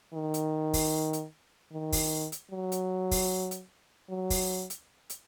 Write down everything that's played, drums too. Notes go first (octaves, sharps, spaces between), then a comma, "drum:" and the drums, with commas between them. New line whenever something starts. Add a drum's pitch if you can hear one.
D#3
drum: hi-hat
drum: kick, open hi-hat
drum: hi-hat
D#3
drum: kick, open hi-hat
drum: hi-hat
F#3
drum: hi-hat
drum: kick, open hi-hat
drum: hi-hat
F#3
drum: kick, open hi-hat
drum: hi-hat
drum: hi-hat